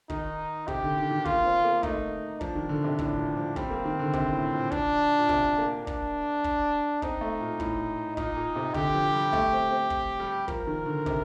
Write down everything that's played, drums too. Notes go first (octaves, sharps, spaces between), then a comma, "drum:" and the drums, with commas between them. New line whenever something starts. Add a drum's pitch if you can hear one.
D#3 D#4, drum: kick
C3 G4, drum: kick
D3
D#3
D#3
A#3 F4, drum: kick
C4
A#3
A3 D#4, drum: kick
F3 D4, drum: kick
D#3
D3
C3
A2 D4, drum: kick
A#2
F3
G3 C4, drum: kick
A#3
D#3
D3
C3, drum: kick
A2
A#2
D4, drum: kick
A#2
C3, drum: kick
A#3
D4, drum: kick
drum: kick
C4 D#4, drum: kick
A3
A#2
A2, drum: kick
A#2 D#4, drum: kick
A#2
C3
D3 G4, drum: kick
F3
G3
A3, drum: kick
C4
C4
drum: kick
G3
F3 A#4, drum: kick
D#3
D3
C3, drum: kick